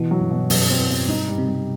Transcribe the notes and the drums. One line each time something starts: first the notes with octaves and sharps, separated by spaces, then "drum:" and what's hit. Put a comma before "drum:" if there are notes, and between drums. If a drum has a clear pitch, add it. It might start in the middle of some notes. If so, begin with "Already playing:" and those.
Already playing: B2 E3
F#3
G2
B2
F#2 B2, drum: open hi-hat
C4
B2
G2 D#4
G3
C3
G3